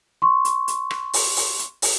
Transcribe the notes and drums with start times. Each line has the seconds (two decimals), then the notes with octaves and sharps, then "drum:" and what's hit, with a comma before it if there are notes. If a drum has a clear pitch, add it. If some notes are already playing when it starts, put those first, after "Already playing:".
0.22 C6 C#6
0.45 drum: hi-hat
0.68 drum: hi-hat
0.91 drum: rim click
1.13 drum: open hi-hat
1.36 drum: open hi-hat
1.59 drum: hi-hat
1.82 drum: open hi-hat